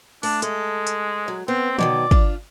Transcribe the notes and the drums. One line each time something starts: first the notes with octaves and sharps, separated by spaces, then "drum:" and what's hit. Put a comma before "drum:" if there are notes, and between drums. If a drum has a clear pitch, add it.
A3 D4, drum: open hi-hat
G#3 A4, drum: hi-hat
drum: hi-hat
F#3
B3 C4
B2 D#3 F#3 D5, drum: tom
D4 F4, drum: kick